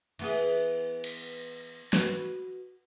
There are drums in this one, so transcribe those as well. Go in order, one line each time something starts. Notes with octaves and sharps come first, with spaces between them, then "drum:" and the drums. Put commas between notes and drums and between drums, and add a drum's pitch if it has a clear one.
E3 B3 G#4, drum: cymbal
drum: cymbal
F#4 B4, drum: snare